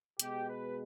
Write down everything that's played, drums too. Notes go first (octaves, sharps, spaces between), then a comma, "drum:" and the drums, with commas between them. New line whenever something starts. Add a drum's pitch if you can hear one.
B2 G#3 G4, drum: hi-hat
B4